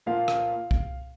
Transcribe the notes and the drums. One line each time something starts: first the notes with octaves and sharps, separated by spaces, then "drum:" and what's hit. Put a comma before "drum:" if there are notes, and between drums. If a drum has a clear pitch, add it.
A#2 F3 A#3 F4 F5
drum: rim click
drum: kick